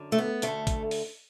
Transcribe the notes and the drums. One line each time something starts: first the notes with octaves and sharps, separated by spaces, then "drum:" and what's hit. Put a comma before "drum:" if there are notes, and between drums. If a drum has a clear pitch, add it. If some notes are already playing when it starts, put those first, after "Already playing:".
Already playing: F#2 D3
A3
B3
D2 D3 A3, drum: hi-hat
drum: kick, hi-hat
drum: open hi-hat